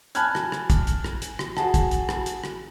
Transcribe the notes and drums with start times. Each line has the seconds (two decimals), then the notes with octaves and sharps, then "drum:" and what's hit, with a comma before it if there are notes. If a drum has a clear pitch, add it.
0.15 G#5 A5 B5 F6 F#6 G#6, drum: hi-hat
0.35 drum: rim click
0.52 drum: rim click
0.70 drum: kick, hi-hat
0.87 drum: hi-hat
1.04 drum: rim click
1.22 drum: hi-hat
1.39 drum: rim click
1.57 F#4 G#4 A5, drum: rim click
1.74 drum: kick, hi-hat
1.91 drum: hi-hat
2.09 drum: rim click
2.26 drum: hi-hat
2.44 drum: rim click